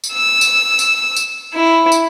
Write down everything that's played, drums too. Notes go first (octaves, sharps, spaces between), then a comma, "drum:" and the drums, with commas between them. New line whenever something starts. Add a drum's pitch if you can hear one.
drum: tambourine
E6
drum: tambourine
drum: tambourine
drum: tambourine
E4
drum: tambourine